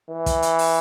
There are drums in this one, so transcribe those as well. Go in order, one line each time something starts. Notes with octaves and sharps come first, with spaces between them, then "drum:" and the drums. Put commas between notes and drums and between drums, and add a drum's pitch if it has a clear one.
E3
drum: kick, hi-hat
drum: hi-hat
drum: open hi-hat